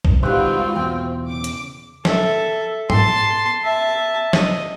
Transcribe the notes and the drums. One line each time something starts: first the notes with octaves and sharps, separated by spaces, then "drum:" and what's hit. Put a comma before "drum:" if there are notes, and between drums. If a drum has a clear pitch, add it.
drum: kick A#1
D#3 G3 G#3 C4 F4 F#4 B4
B1 E2 G5
C#3 D6
drum: hi-hat
A4 E5, drum: snare
A5 C6, drum: tom G#2
E5 A5
D#5, drum: snare